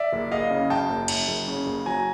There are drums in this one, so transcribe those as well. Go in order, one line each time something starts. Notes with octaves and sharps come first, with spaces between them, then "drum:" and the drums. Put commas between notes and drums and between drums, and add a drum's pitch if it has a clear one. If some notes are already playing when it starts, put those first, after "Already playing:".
Already playing: D5 E5
F#1
F#1 D#5 F5
C#3
F#2 G5 A5
F#1
F#2, drum: cymbal
F#1
C#3
F#1
F#3 G#5 A#5